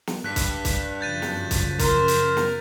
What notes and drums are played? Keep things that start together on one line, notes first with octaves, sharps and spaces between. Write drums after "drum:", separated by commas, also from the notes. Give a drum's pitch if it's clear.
drum: snare
G2 F#6 B6
drum: kick C2, hi-hat
drum: kick C2, hi-hat
F#2 C#3 F3 G6 A6 D#7
drum: snare
drum: kick C2, hi-hat
A#4 C5, drum: kick C2, hi-hat
drum: hi-hat
drum: snare